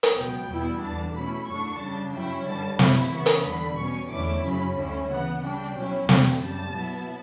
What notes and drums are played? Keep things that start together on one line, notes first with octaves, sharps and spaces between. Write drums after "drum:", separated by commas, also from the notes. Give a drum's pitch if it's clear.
drum: hi-hat
C#2 B2 F#3 B3 G5
E2 B2 G3 B3 E4
E2 D3 G3 D4 A5
B2 A3 C#4 E4 B5
F#2 D3 A3 D4 C#6
C#3 G3 D4 A5
G2 F#3 C#4 E4 G5
G2 D3 G3 A5
F#2 E3 A3 E4 B5, drum: snare
C#3 E3 B3 C#6
drum: hi-hat
E2 D3 G3 B5
B2 G3 C#4 C#6
E2 D3 A3 C#4 E4 D6
F#2 C#3 F#3 C#4 B5
D2 D3 G3 C#4 E4
C#3 E3 B3 F#5
C#3 G3 D4 G5
B2 F#3 C#4 E4
E2 D3 A3 G5, drum: snare
F#2 C#3 G3 A5
B2 F#3 B3 E4